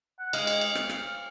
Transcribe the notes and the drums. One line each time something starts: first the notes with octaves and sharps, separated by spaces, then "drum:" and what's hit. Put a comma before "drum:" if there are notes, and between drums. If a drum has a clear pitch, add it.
F#5
G#3 F5, drum: cymbal
drum: cymbal
drum: cymbal
drum: rim click
drum: rim click